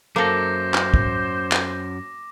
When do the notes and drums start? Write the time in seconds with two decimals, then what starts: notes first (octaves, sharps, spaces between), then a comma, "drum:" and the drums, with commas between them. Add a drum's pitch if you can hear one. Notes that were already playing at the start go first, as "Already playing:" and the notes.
0.16 F#2 A#3 A4 C5 D6 A#6
0.74 drum: clap
0.94 drum: kick
1.52 drum: clap